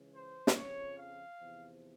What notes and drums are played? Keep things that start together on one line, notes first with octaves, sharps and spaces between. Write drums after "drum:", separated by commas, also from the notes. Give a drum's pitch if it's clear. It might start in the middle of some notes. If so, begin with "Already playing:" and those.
Already playing: C#2 C#3 E3
C5
drum: snare
F2 C#3 F3 C#5
F5
E2 C3 F3